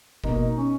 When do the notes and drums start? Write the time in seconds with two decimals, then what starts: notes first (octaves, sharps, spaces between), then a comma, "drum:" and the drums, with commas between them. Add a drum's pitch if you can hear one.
0.24 B2 A#3 D#4, drum: kick G1
0.57 C#4